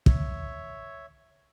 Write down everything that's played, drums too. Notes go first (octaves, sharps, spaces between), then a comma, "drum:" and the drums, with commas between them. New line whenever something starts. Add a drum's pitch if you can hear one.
C#5 E5, drum: kick